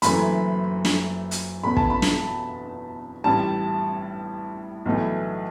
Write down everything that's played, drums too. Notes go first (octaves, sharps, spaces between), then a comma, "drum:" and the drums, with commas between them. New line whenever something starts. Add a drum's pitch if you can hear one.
F#1 F#2 E3 A3 B5, drum: hi-hat
drum: snare
drum: hi-hat
E2 B2 A3 B5
A5, drum: kick
B5
drum: snare
A1 A2 G3 A5
B1 A2 E3 A3